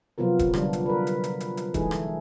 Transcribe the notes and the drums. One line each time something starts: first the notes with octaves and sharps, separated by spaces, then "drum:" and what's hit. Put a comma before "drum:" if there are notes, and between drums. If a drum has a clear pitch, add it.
C3 F3 F#3 B3 F4 A#4
drum: kick D#1, hi-hat
D3 F#3 G3 D4, drum: rim click
drum: hi-hat
A#4 B4
drum: hi-hat
drum: hi-hat
drum: hi-hat
drum: hi-hat
E3 G#3 A3 D#4 G#4, drum: kick D#1, hi-hat
drum: rim click